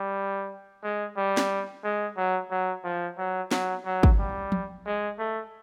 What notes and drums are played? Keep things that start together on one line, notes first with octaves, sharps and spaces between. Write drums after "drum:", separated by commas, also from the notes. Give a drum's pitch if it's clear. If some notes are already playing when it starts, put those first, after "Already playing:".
Already playing: G3
G#3
G3
drum: snare
G#3
F#3
F#3
F3
F#3
F#3, drum: snare
F#3
drum: kick
G3
drum: tom
G#3
A3